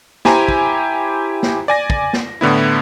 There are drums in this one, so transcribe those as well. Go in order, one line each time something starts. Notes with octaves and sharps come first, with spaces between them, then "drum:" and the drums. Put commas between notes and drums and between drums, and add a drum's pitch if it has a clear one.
E4 G4 C5 G#5 A#5, drum: snare
drum: kick
drum: snare
D5 G#5 A#6
drum: kick
drum: snare
A2 D3 B3 E4